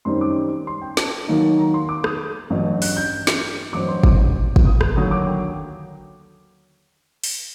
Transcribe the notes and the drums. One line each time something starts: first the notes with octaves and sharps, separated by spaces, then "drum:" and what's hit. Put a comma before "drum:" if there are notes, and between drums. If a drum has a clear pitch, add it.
F#2 D#3 G3 C4 D#4 C6
D6
C6
G5
A5, drum: snare
D#2 D#3 F#3 A#3 D#4
A#5
C6
D6
D#6, drum: rim click
A1 G2 F#3
F#6, drum: open hi-hat
G6
drum: snare
A1 G2 F#3 C4 D6
C6
D6, drum: kick
drum: kick
D#6
drum: rim click
D#2 D3 F#3 D#6
D6
G5
drum: open hi-hat